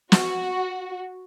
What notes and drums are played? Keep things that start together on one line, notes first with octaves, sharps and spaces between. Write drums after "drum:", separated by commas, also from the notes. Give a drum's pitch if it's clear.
F#4, drum: snare